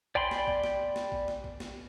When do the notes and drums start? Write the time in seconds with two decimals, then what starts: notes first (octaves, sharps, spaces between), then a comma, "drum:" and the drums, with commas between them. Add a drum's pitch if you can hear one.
0.15 D5 G5 G#5 B5 C6, drum: kick A1
0.31 drum: snare
0.47 drum: kick A1
0.64 drum: snare
0.96 drum: snare
1.12 drum: kick A1
1.28 drum: snare
1.44 drum: kick A1
1.60 drum: snare